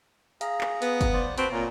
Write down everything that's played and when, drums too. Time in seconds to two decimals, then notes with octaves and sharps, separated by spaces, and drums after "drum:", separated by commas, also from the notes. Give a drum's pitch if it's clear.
0.41 G#4 F5 A#5, drum: hi-hat
0.61 drum: clap
0.82 B3, drum: hi-hat
1.01 drum: kick, hi-hat
1.13 C5 D5
1.38 C4 F#4 B4 A5, drum: hi-hat
1.52 A#2 C#5 F5 G#5 A#5